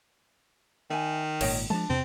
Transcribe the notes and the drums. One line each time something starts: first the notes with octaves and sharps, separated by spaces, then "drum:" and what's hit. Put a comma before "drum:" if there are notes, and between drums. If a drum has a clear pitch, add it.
D#3 E5 G#5
G#1 A#2 C#5 D#5 G5, drum: cymbal
F3 G#3 D4 A5
E2 C3 C4